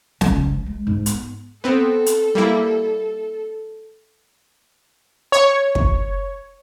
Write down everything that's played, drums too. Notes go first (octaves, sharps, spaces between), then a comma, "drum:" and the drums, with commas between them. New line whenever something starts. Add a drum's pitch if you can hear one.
C#2, drum: snare
F3
G#3
G#2
B3, drum: hi-hat
B3 C4 A4
drum: hi-hat
G3 A#3 E4
C#5
drum: kick